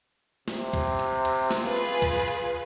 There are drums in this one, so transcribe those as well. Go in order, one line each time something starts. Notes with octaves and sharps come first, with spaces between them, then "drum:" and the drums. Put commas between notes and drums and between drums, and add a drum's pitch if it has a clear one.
C3, drum: snare
drum: kick, cymbal
drum: cymbal
drum: cymbal
drum: snare
F4 G#4 B4
drum: cymbal
drum: kick, cymbal
drum: cymbal